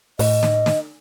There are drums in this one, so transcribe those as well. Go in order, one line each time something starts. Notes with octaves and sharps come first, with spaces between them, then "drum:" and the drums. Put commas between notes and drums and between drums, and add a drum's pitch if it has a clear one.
A2 D#5, drum: open hi-hat
drum: snare
drum: snare